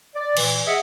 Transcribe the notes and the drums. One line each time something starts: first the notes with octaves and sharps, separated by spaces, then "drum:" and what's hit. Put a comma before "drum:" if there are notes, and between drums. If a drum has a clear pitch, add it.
D5
A#2 E3, drum: cymbal
G#4 D#5 E5 F#5